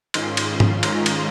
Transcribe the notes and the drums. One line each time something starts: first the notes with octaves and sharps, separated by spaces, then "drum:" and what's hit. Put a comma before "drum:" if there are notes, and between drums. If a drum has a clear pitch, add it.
G#2 D#3 G#3 C#4 F4 C6, drum: cymbal
drum: cymbal
drum: tom G#2
G#2 D#3 G#3 C#4 F4 A#5, drum: cymbal
drum: cymbal